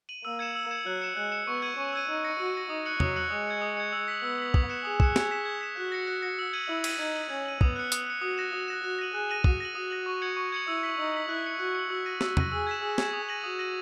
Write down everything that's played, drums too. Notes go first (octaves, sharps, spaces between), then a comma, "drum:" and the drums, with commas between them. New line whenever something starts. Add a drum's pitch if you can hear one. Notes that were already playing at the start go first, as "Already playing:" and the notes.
D#7 F#7
A#3 E6
G#6 C#7 E7
E6
G#6 C#7 E7
F#3 F#6
C#7 E7
G#3 F#6
C#7 E7
B3 C#6
E6 G#6 D#7
C#4 C#6
E6 G#6 D#7
D#4 E6
A#6 C#7
F#4 E6
A#6 C#7
D#4 D#6
F#6 C#7 F#7
F#3 D#6, drum: tom
F#6 C#7 F#7
G#3 D#6
G#6 C#7
D#6
G#6 C#7
E6
B6 F#7
B3 E6
B6 F#7
D#6, drum: kick
F#6 C#7 E7
G#4 D#6
F#6 C#7 E7, drum: kick
G#6, drum: snare
B6 E7
G#6
B6 E7
F#4 F#6
A#6 C#7
F#6
A#6 C#7
E6
G#6 D#7 F#7
E4 E6
G#6 D#7 F#7, drum: cymbal
D#4 G#6
D#7 F#7
C#4 G#6
D#7 F#7
B3 D#6, drum: kick
F#6 C#7
D#6, drum: hi-hat
F#6 C#7
F#4 D#6
F#6 A#6 E7
F#4 D#6
F#6 A#6 E7
F#4 F#6
A#6 D#7 F#7
G#4 F#6
A#6 D#7 F#7
F#4 D#6, drum: kick
A#6 D#7 F#7
F#4 D#6
A#6 D#7 F#7
C#6
G#6 C#7 F#7
C#6
G#6 C#7 F#7
E4 E6
B6 F#7
D#4 E6
B6 F#7
E4 F#6
C#7 F#7
F#4 F#6
C#7 F#7
F#4 E6
A#6 D#7
F#4 E6, drum: snare
A#6 D#7, drum: tom
G#4 E6
G#6 B6 E7
G#4 E6
G#6 B6 E7, drum: snare
D#6
A#6 D#7 F#7
F#4 D#6
A#6 D#7 F#7